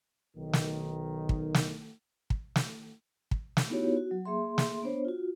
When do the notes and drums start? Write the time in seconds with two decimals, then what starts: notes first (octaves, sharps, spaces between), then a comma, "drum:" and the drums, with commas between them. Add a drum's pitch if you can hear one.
0.35 B1 D#3
0.53 drum: snare
1.29 drum: kick
1.54 drum: snare
2.30 drum: kick
2.56 drum: snare
3.31 drum: kick
3.57 drum: snare
3.70 B3 D#4 E4 F#4 G4 C#5
3.97 F#4
4.11 F#3
4.26 A#3 G#4 E5 C6
4.58 drum: snare
4.83 B3 D4 C5 C#5
5.05 F4 F#4